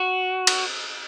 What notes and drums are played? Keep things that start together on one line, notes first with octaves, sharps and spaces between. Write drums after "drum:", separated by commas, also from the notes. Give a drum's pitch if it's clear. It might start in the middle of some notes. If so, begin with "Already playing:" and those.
Already playing: F#4
drum: cymbal